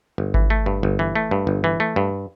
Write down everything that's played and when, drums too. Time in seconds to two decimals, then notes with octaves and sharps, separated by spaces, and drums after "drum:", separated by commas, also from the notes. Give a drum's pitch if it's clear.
0.18 G1
0.34 E3, drum: kick G#1
0.50 A3
0.66 G2
0.83 G1
0.99 E3
1.15 A3
1.31 G2
1.47 G1
1.64 E3
1.80 A3
1.96 G2